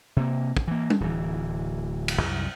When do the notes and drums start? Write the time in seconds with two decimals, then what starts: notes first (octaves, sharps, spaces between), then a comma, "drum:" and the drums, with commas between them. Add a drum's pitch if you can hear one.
0.16 C3 A#3
0.57 drum: kick
0.68 E3 A#3
0.90 drum: tom G3
1.00 D1 E3
2.08 drum: cymbal
2.19 C2 F#2